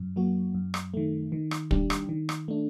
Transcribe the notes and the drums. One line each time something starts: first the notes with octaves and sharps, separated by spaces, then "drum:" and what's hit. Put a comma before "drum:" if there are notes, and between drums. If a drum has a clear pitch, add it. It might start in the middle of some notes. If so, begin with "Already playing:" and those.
Already playing: F#2
F#3 A#3 F#4
F#2
drum: rim click
D#3 A3
D#3
drum: rim click
G3 D4 G4, drum: kick
drum: rim click
D#3
drum: rim click
A3 D4